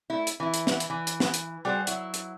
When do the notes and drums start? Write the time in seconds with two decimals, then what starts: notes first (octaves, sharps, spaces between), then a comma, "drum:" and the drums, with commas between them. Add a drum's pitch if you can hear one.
0.10 A3 E4
0.27 drum: hi-hat
0.40 E3 E4
0.54 drum: hi-hat
0.67 drum: snare
0.80 drum: hi-hat
0.90 E3
1.07 drum: hi-hat
1.20 drum: snare
1.34 drum: hi-hat
1.65 G3 F#4 G#4 C5
1.87 F#3 E4, drum: hi-hat
2.14 drum: hi-hat